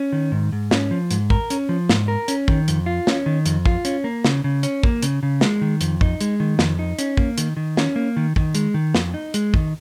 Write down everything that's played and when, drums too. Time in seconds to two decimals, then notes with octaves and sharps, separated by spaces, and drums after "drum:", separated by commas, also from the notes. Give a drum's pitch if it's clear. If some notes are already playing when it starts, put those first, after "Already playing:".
Already playing: C#4
0.12 D#3
0.32 G#2
0.52 G#2
0.71 C#4, drum: snare
0.91 F3
1.11 G#2, drum: hi-hat
1.30 A#4, drum: kick
1.50 C#4, drum: hi-hat
1.69 F3
1.89 G#2, drum: snare
2.08 A#4
2.28 C#4, drum: hi-hat
2.48 D#3, drum: kick
2.68 F2, drum: hi-hat
2.86 F4
3.07 C#4, drum: snare
3.26 D#3
3.46 F2, drum: hi-hat
3.66 F4, drum: kick
3.85 C#4, drum: hi-hat
4.04 A#3
4.25 C#3, drum: snare
4.44 C#3
4.63 C#4, drum: hi-hat
4.83 A#3, drum: kick
5.02 C#3, drum: hi-hat
5.23 C#3
5.41 G#3, drum: snare
5.61 D#3
5.81 F2, drum: hi-hat
6.01 D#4, drum: kick
6.21 G#3, drum: hi-hat
6.40 D#3
6.59 F2, drum: snare
6.79 D#4
6.99 C#4, drum: hi-hat
7.17 A#3, drum: kick
7.38 D#3, drum: hi-hat
7.57 D#3
7.77 C#4, drum: snare
7.96 A#3
8.17 D#3
8.36 D#3, drum: kick
8.55 G#3, drum: hi-hat
8.74 D#3
8.95 F2, drum: snare
9.14 D#4
9.34 G#3, drum: hi-hat
9.54 D#3, drum: kick